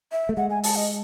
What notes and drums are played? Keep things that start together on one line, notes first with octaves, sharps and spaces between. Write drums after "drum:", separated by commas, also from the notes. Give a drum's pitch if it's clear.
E5
A3
G#3 F#5
G#5
A5, drum: open hi-hat
D#5